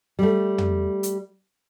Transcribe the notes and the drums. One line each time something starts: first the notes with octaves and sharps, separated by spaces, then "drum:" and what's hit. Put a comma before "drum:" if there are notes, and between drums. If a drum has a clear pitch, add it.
G3 A3
drum: tom
drum: hi-hat